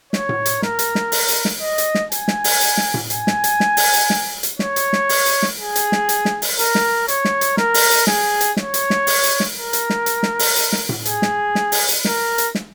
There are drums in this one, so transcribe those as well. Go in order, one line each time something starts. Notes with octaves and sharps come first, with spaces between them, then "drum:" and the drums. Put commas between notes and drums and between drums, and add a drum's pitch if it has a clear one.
C#5, drum: snare
drum: tom A2
drum: hi-hat
A#4, drum: snare
drum: hi-hat
drum: snare
drum: open hi-hat
drum: hi-hat
drum: snare
D#5
drum: hi-hat
drum: snare
G#5, drum: hi-hat
drum: snare
drum: open hi-hat
drum: hi-hat
drum: snare
drum: tom A2
G#5, drum: hi-hat
drum: snare
drum: hi-hat
drum: snare
drum: open hi-hat
drum: hi-hat
drum: snare
drum: hi-hat
C#5, drum: snare
drum: hi-hat
drum: snare
drum: open hi-hat
drum: hi-hat
drum: snare
G#4
drum: hi-hat
drum: snare
drum: hi-hat
drum: snare
drum: open hi-hat
A#4, drum: hi-hat
drum: snare
C#5, drum: hi-hat
drum: snare
drum: hi-hat
A#4, drum: snare
drum: open hi-hat
drum: hi-hat
G#4, drum: snare
drum: hi-hat
C#5, drum: snare
drum: hi-hat
drum: snare
drum: open hi-hat
drum: hi-hat
drum: snare
A#4
drum: hi-hat
drum: snare
drum: hi-hat
drum: snare
drum: open hi-hat
drum: hi-hat
drum: snare
drum: tom A2
G#4, drum: hi-hat
drum: snare
drum: snare
drum: open hi-hat
drum: hi-hat
A#4, drum: snare
drum: hi-hat
drum: snare